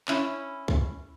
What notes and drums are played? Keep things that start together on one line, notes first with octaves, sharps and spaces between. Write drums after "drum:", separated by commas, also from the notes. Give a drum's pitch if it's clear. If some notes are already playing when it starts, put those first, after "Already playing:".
C#4 E4, drum: clap
drum: kick